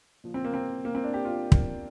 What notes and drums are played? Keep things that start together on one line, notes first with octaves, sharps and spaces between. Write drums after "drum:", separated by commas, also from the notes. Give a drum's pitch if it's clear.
A#2 F3
C4
A#3
C4
A#3
C4
D4
G4
F4
drum: kick